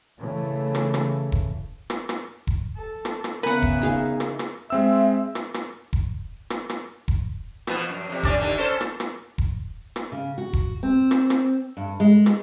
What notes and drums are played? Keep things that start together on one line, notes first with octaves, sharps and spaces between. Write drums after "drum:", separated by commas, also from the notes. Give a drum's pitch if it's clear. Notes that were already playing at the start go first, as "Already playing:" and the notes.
C#3 E3 A3
drum: rim click
drum: rim click
drum: kick E1
drum: rim click
drum: rim click
drum: kick E1
A4
drum: rim click
drum: rim click
C#3 B3 A#4 B4 E5 F#5 G#5
drum: kick E1
D#4 G#4 F5
drum: rim click
drum: rim click
G#3 C4 E5 E6
drum: rim click
drum: rim click
drum: kick E1
drum: rim click
drum: rim click
drum: kick E1
B2 F3 B3, drum: rim click
F#2
F2 C3
D3 C#4 D5, drum: kick E1
D#2 D3
C#4 A4 C5
drum: rim click
drum: rim click
drum: kick E1
drum: rim click
C#3
F#4
drum: kick E1
C4
drum: rim click
drum: rim click
G2
G#3
drum: rim click